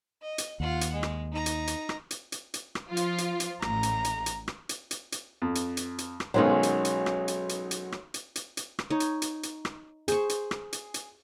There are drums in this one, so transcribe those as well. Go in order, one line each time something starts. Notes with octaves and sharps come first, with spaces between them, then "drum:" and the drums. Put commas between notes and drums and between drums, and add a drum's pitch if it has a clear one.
D#5
drum: hi-hat
D#2 F4 F#5
drum: hi-hat
G#3
drum: rim click
D#4 A#5
drum: hi-hat
drum: hi-hat
drum: rim click
drum: hi-hat
drum: hi-hat
drum: hi-hat
drum: rim click
F3 F4
drum: hi-hat
drum: hi-hat
drum: hi-hat
A1 A2 A#5, drum: rim click
drum: hi-hat
drum: hi-hat
drum: hi-hat
drum: rim click
drum: hi-hat
drum: hi-hat
drum: hi-hat
F2
drum: hi-hat
drum: hi-hat
drum: hi-hat
drum: rim click
B1 D#3 F#3 G#3 C#4 C5
drum: hi-hat
drum: hi-hat
drum: rim click
drum: hi-hat
drum: hi-hat
drum: hi-hat
drum: rim click
drum: hi-hat
drum: hi-hat
drum: hi-hat
drum: rim click
D#4 C#5
drum: hi-hat
drum: hi-hat
drum: hi-hat
drum: rim click
G#4 C5 C#6, drum: hi-hat
drum: hi-hat
drum: rim click
drum: hi-hat
drum: hi-hat